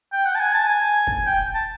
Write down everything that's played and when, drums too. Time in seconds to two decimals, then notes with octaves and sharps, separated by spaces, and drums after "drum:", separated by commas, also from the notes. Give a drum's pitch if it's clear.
0.12 G5
0.26 F#5
0.35 A5
0.40 G#5
0.54 A5
0.69 G#5
1.07 drum: kick
1.26 G5
1.54 A5